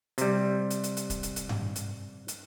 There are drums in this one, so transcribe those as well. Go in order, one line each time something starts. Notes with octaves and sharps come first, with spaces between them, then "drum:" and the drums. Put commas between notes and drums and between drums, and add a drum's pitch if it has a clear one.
C3 G3, drum: hi-hat
drum: hi-hat
drum: hi-hat
drum: hi-hat
drum: kick, hi-hat
drum: hi-hat
drum: hi-hat
drum: tom G2
drum: hi-hat
drum: hi-hat